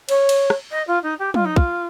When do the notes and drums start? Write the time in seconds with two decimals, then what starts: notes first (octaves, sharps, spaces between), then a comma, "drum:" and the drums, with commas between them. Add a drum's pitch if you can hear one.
0.09 C#5, drum: cymbal
0.29 drum: cymbal
0.50 drum: rim click
0.71 D#5
0.87 F4
1.03 D#4
1.19 G4
1.34 F4, drum: tom
1.45 D#4
1.56 F4, drum: kick